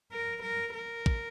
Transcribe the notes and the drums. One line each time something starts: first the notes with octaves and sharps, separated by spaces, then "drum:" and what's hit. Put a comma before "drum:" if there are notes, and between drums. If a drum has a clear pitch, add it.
A#4
A#4
A#4
drum: kick